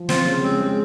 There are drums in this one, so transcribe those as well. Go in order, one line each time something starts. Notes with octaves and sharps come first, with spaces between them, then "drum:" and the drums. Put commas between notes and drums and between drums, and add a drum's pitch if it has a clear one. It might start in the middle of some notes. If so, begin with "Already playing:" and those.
Already playing: F3
C4 F4, drum: snare
C#3
G#3 C4
G#3